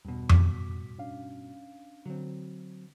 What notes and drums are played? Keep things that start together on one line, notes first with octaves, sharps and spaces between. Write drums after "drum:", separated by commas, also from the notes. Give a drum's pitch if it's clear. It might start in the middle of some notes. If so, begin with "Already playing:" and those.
E2 G2 B2
A2 D6 B6, drum: tom F2
C#4 D4 F5
D3 F#3 C4